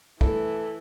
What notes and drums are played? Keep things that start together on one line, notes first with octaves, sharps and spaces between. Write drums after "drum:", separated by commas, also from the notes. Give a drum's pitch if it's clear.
E3 A3 E4 A4, drum: kick